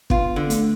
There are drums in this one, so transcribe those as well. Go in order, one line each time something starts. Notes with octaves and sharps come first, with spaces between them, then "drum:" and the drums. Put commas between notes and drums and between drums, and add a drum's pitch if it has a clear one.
B3 F4, drum: kick
D3
A3, drum: hi-hat